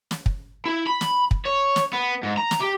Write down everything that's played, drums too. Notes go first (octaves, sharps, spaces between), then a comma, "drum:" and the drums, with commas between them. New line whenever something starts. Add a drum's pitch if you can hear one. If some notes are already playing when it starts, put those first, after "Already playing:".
drum: snare
drum: kick
E4
B5
drum: snare
drum: kick
C#5
drum: snare
B3
G#2
A#5
drum: snare
G4